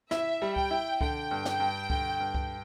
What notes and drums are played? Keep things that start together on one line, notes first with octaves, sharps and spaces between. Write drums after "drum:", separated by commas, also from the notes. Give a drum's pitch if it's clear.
E4 E5, drum: snare
G3
G5, drum: kick C#2
E4
D3 G5, drum: kick C#2
G2
drum: snare
G2
D3, drum: kick C#2
G2
drum: kick C#2